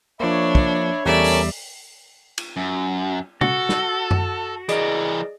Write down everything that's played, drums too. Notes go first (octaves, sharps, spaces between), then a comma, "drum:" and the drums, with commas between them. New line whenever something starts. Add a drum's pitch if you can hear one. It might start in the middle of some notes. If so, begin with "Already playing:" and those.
F3 A#3 D4 C#5 E5 B5
drum: kick
E2 G3 C#4 A4 A#4 D5 E5
drum: open hi-hat
drum: cymbal
F#2
F#4 A4, drum: tom B2
drum: snare
drum: tom F#2
E3 G#4 A#4 D5 D#5, drum: hi-hat